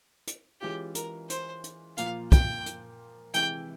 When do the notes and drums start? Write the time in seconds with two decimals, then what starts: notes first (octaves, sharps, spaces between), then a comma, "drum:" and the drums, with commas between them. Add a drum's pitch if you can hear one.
0.27 drum: hi-hat
0.61 E3 G#3 C#4 F4 G4
0.95 A#4, drum: hi-hat
1.30 C5, drum: hi-hat
1.64 drum: hi-hat
1.97 A#2 F3 A#3 F4 F5, drum: hi-hat
2.32 G5, drum: kick, hi-hat
2.66 drum: hi-hat
3.34 C3 E3 G#3 E4 G5, drum: hi-hat